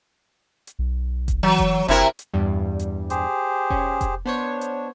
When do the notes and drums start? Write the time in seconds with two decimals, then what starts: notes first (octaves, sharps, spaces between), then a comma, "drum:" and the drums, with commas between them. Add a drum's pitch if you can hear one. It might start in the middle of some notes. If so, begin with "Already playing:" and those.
0.67 drum: hi-hat
0.79 B1
1.28 drum: kick F1, hi-hat
1.43 E3 F#3
1.58 drum: kick F1, hi-hat
1.88 F#1 C3 E4 A#4, drum: hi-hat
2.19 drum: hi-hat
2.33 E2 G2 G3
2.79 drum: hi-hat
3.10 G4 G#4 C5, drum: hi-hat
3.70 C#4, drum: kick F1
4.01 drum: kick F1, hi-hat
4.25 B3 D4 C5 C#5
4.61 drum: hi-hat